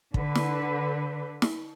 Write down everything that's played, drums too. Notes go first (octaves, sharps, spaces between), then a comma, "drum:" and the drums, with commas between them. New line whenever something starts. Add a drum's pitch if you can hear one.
D3 B4, drum: kick
drum: snare
drum: snare